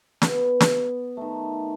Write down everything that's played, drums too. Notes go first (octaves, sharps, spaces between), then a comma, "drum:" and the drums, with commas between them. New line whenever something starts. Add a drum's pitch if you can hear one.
B3, drum: snare
drum: snare
D#3 A3